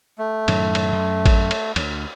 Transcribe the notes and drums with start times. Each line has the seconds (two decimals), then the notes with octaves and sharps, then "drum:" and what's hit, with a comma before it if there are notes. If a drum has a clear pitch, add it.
0.18 A3
0.48 F#2 A2 D#3, drum: cymbal
0.75 drum: cymbal
0.93 F#2
1.26 drum: kick A1, cymbal
1.51 drum: cymbal
1.76 D2, drum: cymbal